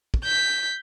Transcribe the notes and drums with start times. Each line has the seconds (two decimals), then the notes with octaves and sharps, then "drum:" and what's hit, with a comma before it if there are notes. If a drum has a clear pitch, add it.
0.14 drum: kick
0.24 G6 B6